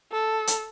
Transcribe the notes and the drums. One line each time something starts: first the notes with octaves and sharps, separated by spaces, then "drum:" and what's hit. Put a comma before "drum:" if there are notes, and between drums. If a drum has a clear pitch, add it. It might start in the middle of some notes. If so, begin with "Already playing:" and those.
A4
drum: hi-hat